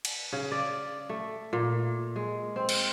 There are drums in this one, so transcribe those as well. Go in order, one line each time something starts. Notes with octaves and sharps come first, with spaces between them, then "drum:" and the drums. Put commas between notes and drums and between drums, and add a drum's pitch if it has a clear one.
drum: cymbal
C#3
D5
A3
A#2
G#3
C4
drum: cymbal